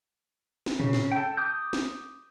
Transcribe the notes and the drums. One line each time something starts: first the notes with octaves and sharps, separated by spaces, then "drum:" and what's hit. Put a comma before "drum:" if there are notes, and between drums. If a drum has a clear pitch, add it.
drum: snare
C#3, drum: tom A2
drum: snare
A4 G5
D6 D#6 G6
drum: snare